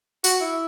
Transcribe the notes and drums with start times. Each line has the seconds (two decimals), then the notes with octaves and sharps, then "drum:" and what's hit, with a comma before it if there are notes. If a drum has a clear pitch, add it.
0.24 F#4, drum: tambourine
0.41 E4